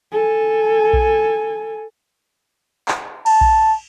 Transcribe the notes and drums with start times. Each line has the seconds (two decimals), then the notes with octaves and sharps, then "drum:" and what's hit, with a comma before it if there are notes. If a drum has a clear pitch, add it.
0.12 A4 G#5
0.93 drum: kick A#1
2.88 drum: clap
3.26 A5, drum: cymbal
3.41 drum: kick A#1